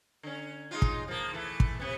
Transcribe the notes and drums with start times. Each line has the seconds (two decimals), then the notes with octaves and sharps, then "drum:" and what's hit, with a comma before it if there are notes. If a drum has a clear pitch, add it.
0.23 D3 C#4
0.71 G#3 D#4 F4
0.82 drum: kick
1.08 F3 A#3
1.33 E3 A3
1.60 drum: kick
1.79 C3 B3